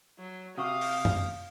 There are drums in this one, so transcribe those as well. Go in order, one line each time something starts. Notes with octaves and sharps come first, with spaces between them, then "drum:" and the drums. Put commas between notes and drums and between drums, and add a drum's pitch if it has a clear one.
F#3
C3 F#4 F5 F#5 C#6 D#6
drum: open hi-hat
drum: tom